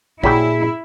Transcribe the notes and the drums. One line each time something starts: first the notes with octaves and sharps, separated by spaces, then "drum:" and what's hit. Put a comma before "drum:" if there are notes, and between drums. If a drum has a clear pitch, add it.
A#2 F#3 G3 E4 G#4 G5 B6, drum: kick